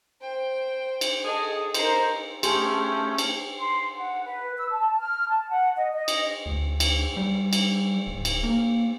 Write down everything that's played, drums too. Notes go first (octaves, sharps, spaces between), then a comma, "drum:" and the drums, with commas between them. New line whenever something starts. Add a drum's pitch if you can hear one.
C5 G5
drum: cymbal
G#4 A4 D#5 A5
D#4 A#4 C5, drum: cymbal
A3 C#4 G4 G#4 C6 G6, drum: cymbal
drum: cymbal
C6
F#5
B4
E6
A5
F6
A5
F#5
D#5
D#5
drum: cymbal
D2
drum: cymbal
G3
drum: cymbal
D1
drum: cymbal
A#3